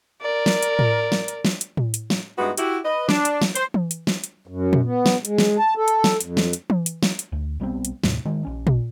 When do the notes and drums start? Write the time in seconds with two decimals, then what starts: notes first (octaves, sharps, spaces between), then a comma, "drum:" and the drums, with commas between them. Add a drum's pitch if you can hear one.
0.22 A#4 D5
0.46 drum: snare
0.63 drum: hi-hat
0.79 drum: tom A2
1.12 drum: snare
1.28 drum: hi-hat
1.45 drum: snare
1.61 drum: hi-hat
1.77 drum: tom A2
1.94 drum: hi-hat
2.10 drum: snare
2.38 G2 G#3 B3 D#4 E4 F#4
2.58 E4 F#4 G4, drum: hi-hat
2.84 B4 D#5
3.09 D4, drum: snare
3.25 drum: hi-hat
3.42 drum: snare
3.56 C5, drum: hi-hat
3.74 drum: tom E3
3.91 drum: hi-hat
4.07 drum: snare
4.24 drum: hi-hat
4.47 F#2
4.73 drum: tom A#2
4.85 B3
5.06 drum: snare
5.25 G#3, drum: hi-hat
5.38 drum: snare
5.59 A5
5.77 A4
5.88 drum: hi-hat
6.04 drum: snare
6.20 F2, drum: hi-hat
6.37 drum: snare
6.53 drum: hi-hat
6.70 drum: tom E3
6.86 drum: hi-hat
7.03 drum: snare
7.19 drum: hi-hat
7.32 D2
7.60 B1 G3 B3 C4
7.85 drum: hi-hat
8.04 D#2 A2 C3, drum: snare
8.25 D#3 G#3
8.45 A#1 C#4
8.67 drum: tom A#2